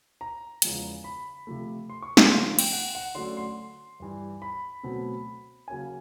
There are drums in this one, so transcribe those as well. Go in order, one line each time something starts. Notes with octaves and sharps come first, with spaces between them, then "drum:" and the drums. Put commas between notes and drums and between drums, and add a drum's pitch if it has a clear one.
A#5
E2 C#3 F3 G#3 B3, drum: hi-hat
B5
C3 F3 A3
C6
C#6
C6, drum: snare
C#3 F3 A3 C#4 C6
C6
G5, drum: cymbal
F#5
F#5
D3 F#3 A3 C#4 C6
C6
G2 E3 G3
B5
B2 F#3 A3 C4
C#3 F#3 A#3 C#4 G#5